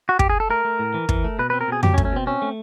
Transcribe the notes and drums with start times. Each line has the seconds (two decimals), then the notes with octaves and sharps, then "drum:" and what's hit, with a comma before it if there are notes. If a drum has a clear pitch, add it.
0.09 F#4
0.19 G4, drum: kick
0.30 G#4
0.40 A4
0.50 A3 A#4
0.65 A3
0.79 A2
0.94 E3
1.09 E3, drum: kick
1.24 A3
1.39 B2 B4
1.50 C4 B4
1.61 A#4
1.68 B2 G#4
1.83 F#3 G4, drum: tom F2
1.94 C#4
1.98 A3, drum: kick
2.05 C#4
2.12 B2 C4
2.27 C4 C#4
2.42 A3